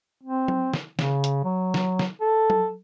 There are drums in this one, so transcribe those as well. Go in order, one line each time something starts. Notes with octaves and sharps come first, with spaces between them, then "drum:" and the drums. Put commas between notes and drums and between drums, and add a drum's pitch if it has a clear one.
C4
drum: tom F#3
drum: snare
C#3, drum: snare
drum: hi-hat
F#3
drum: snare
drum: snare
A4
drum: tom F#3